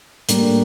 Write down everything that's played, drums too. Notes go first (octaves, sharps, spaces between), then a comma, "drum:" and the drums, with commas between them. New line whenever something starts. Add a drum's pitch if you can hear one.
A2 G3 A#3 D4, drum: hi-hat